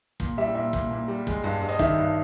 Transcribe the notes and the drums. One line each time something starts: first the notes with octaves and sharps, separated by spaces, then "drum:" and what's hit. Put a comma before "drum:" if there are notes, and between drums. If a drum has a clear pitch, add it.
A#2, drum: kick
G3 E5
A#2 E5
A#2, drum: kick
A#2
G3
G#3, drum: kick
G2
G2
D#5, drum: hi-hat
D#3 E5, drum: kick
G2